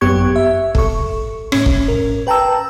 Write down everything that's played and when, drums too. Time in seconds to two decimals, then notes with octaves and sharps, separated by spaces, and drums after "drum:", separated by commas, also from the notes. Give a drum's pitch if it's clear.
0.01 G#1 F#2 B3 G4 C#6 G#6
0.36 E5
0.75 A4 C#6, drum: kick
1.52 A2 C#4, drum: rim click
1.66 drum: kick
1.88 A#4
2.27 B4 G5 A5 A#5 E6